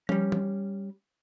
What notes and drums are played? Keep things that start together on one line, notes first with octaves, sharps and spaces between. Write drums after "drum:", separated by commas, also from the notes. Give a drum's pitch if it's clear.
G3 C#4, drum: tom F3
drum: tom E3